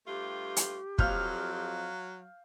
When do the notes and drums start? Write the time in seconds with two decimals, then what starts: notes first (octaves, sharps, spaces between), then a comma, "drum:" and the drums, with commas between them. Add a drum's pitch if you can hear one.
0.07 G2 A3 F4 G4
0.56 drum: hi-hat
0.99 F2 F#3 F5 F6 G6, drum: kick